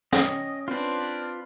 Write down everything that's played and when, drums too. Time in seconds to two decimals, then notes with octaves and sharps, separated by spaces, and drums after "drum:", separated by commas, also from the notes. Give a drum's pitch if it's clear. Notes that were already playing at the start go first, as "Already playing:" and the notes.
0.13 C#4 D#5 G5, drum: snare
0.68 C4 D4 F4 B4